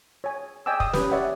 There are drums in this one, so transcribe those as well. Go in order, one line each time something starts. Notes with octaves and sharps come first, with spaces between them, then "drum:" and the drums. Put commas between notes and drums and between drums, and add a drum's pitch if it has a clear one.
C#5 G#5
D5 D#5 G5 G#5 D6 E6
D#6, drum: kick
C#4 G4 B4, drum: snare
C#5 D5 E5 F#5